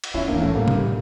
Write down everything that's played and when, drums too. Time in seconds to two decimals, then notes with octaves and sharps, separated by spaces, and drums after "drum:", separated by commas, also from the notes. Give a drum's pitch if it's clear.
0.04 drum: cymbal
0.14 D3 C#4 E4
0.28 A#3 D4
0.32 E3
0.42 A#2 A3 C#4
0.51 A2 G3 A#3
0.68 drum: tom